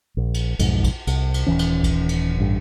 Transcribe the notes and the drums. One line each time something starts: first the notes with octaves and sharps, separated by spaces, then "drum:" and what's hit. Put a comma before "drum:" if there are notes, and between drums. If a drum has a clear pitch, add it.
A#1
drum: cymbal
B1 F2 G#2, drum: cymbal
drum: kick A#1, cymbal
C2, drum: cymbal
drum: cymbal
D#1 C#2 E3 C#4
drum: cymbal
drum: kick A#1, cymbal
drum: cymbal
A1 G2